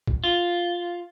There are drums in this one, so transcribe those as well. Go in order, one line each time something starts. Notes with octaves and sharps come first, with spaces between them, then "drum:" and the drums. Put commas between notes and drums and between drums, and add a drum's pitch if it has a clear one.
drum: kick
F4